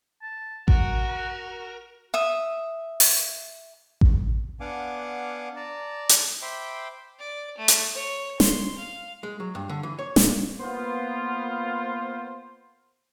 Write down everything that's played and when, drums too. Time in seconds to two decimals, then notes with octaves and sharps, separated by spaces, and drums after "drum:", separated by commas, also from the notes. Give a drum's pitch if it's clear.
0.22 A5
0.68 F#4 A#4 F#5, drum: kick A1
2.14 E5 D#6
3.00 drum: open hi-hat
4.01 drum: kick A1
4.60 B3 D4 F5 F#5 G#5 D6
5.56 D5 A5 A#5
6.09 drum: hi-hat
6.42 C5 E5 G5 B5 C6 D6
7.19 D5
7.58 A3
7.68 drum: hi-hat
7.94 C#5
8.40 C6, drum: snare
8.78 F5
9.23 G#3
9.40 F#3
9.55 G2
9.69 D3
9.83 E3
9.99 C#5
10.16 A#2, drum: snare
10.60 A#3 B3 F4 C5